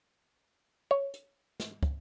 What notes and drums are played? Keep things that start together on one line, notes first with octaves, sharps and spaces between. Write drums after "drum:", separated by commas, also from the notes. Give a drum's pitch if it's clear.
C#5
drum: hi-hat
drum: snare
drum: kick